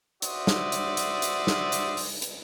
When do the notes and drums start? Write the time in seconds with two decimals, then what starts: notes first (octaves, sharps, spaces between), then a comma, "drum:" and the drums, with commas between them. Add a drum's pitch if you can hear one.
0.22 F#4 C5 D5 E5 D#6, drum: hi-hat
0.47 drum: snare
0.72 drum: hi-hat
0.97 drum: hi-hat
1.22 drum: hi-hat
1.47 drum: snare
1.72 drum: hi-hat
1.97 drum: open hi-hat
2.22 drum: hi-hat